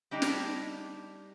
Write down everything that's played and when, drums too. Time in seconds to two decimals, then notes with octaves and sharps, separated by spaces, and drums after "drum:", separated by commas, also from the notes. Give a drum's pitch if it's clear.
0.11 G3 D4 D#4 G4
0.22 drum: snare